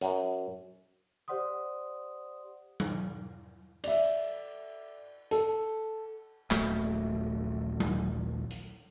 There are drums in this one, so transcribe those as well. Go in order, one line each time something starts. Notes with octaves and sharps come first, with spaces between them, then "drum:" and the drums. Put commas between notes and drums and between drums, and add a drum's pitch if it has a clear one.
F#2, drum: hi-hat
G4 C5 D5 F#5 C6 D#6
drum: tom F#3
D5 E5, drum: cymbal
A4, drum: hi-hat
D#1 A#1 F#3 A3, drum: clap
drum: tom F#3
drum: hi-hat